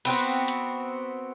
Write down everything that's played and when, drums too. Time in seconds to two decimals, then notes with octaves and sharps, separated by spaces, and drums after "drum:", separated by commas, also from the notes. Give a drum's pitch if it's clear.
0.05 B3 C4 F#4, drum: cymbal
0.48 drum: hi-hat